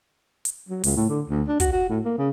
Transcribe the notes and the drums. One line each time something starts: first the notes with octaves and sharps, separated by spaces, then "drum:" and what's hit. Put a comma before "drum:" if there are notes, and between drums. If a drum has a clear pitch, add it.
drum: hi-hat
F#3
C#2, drum: open hi-hat
A2
D3
D2
D4
F#4, drum: kick, hi-hat
F#4
A2
A#3
C#3